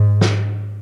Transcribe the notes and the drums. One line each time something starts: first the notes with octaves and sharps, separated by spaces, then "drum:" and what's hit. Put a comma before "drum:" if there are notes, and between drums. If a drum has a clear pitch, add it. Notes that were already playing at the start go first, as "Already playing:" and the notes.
Already playing: G#2
drum: snare